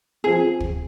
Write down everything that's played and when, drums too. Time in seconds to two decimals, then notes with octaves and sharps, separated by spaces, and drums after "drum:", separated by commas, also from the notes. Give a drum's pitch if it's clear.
0.24 F3 C4 G#4
0.60 drum: kick